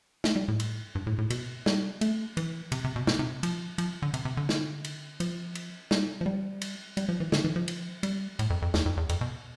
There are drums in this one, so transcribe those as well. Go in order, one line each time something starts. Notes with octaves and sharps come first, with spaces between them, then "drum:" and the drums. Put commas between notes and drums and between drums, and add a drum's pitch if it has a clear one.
A3, drum: snare
G3
A2
drum: cymbal
G2
A2
A2
B2, drum: cymbal
G3, drum: snare
A3, drum: cymbal
E3, drum: cymbal
C3, drum: cymbal
C3
B2
B2, drum: snare
C3
F3, drum: cymbal
F3, drum: cymbal
D3
C3, drum: cymbal
C3
D3
drum: snare
drum: cymbal
F3, drum: cymbal
drum: cymbal
G3, drum: snare
F3
G3
drum: cymbal
G3, drum: cymbal
F3
E3
D3, drum: snare
E3
F3
drum: cymbal
G3, drum: cymbal
A2, drum: cymbal
F2
F2
E2, drum: snare
F2
E2
F2, drum: cymbal
B2